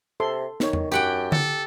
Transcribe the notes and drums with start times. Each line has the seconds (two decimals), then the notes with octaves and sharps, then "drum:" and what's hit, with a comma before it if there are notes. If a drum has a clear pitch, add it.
0.20 C3 A4 C6
0.60 D#3 D#4 C#5, drum: snare
0.73 drum: tom E2
0.92 F#2 G4 F#5 G5
1.32 A4, drum: tom D3